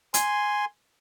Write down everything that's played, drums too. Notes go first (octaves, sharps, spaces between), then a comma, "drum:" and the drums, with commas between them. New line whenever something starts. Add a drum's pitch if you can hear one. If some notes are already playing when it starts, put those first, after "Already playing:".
G#5 C6, drum: hi-hat